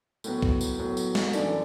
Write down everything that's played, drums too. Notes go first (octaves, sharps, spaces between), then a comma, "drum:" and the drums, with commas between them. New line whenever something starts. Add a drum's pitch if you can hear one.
A2 F#3 B3, drum: tambourine
drum: kick
drum: tambourine
A2 F#3 B3
drum: tambourine
drum: snare
F#2 E3 D4 A4 D5, drum: tambourine